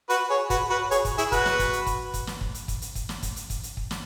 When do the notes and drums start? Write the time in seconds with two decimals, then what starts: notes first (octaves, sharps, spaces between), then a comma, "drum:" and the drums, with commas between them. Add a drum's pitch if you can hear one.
0.10 F#4 B4, drum: hi-hat
0.30 G#4 C#5
0.50 F#4 B4, drum: kick, hi-hat
0.70 F#4 B4
0.91 G#4 C#5, drum: hi-hat
1.05 drum: kick, hi-hat
1.18 E4 G#4, drum: hi-hat
1.32 F#4 B4, drum: kick, hi-hat
1.46 drum: snare
1.59 drum: kick, hi-hat
1.73 drum: hi-hat
1.86 drum: kick, hi-hat
2.14 drum: kick, hi-hat
2.27 drum: snare
2.41 drum: kick
2.54 drum: hi-hat
2.68 drum: kick, hi-hat
2.82 drum: hi-hat
2.95 drum: kick, hi-hat
3.09 drum: snare
3.23 drum: kick, hi-hat
3.36 drum: hi-hat
3.50 drum: kick, hi-hat
3.63 drum: hi-hat
3.77 drum: kick
3.91 drum: snare